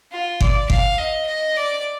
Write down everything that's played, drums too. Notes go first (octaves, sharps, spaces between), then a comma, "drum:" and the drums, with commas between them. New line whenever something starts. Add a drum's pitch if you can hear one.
F4
D5, drum: kick G1
F5, drum: kick G1
D#5
D#5
D5